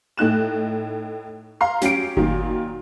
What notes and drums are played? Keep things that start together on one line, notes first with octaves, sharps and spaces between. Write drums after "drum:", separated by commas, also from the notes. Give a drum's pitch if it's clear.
A2 D#4 F#6 E7
F5 A#5 C6 C7
F#3 C#4 G4 C7 D7, drum: snare
A#2 D#3 F#3, drum: kick G1